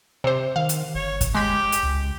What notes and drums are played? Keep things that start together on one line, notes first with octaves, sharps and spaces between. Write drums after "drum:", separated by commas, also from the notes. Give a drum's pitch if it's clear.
C3 C5
D#3 F5
drum: hi-hat
G1 C#5
drum: kick, hi-hat
G#3 G4 B5
drum: hi-hat
C#2